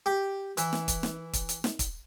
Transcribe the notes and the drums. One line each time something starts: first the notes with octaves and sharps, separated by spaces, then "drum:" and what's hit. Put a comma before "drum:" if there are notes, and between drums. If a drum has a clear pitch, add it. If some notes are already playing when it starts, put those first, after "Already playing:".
G4
E3, drum: hi-hat
drum: snare
drum: kick, hi-hat
drum: snare
drum: kick, hi-hat
drum: hi-hat
drum: snare
drum: kick, hi-hat